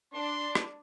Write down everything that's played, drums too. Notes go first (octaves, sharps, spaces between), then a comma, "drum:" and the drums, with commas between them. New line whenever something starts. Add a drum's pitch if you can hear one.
D4 C6
drum: rim click